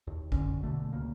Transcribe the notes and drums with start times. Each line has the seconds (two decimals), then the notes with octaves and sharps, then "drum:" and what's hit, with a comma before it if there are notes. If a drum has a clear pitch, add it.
0.07 D#2
0.32 E1 F#2 D3 C#4, drum: kick A1
0.63 B2 D3 A3
0.93 C#2 C#3 A#3